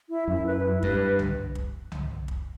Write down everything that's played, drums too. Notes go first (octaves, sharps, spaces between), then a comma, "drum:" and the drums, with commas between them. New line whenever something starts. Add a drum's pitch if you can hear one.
E4
F#2 E4
B4
E4
G2 B4, drum: kick
B4
drum: tom C2
drum: kick
drum: tom C2
drum: kick